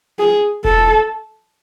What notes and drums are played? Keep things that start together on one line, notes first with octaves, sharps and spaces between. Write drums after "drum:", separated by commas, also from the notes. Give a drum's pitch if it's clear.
G#4
A4, drum: kick E1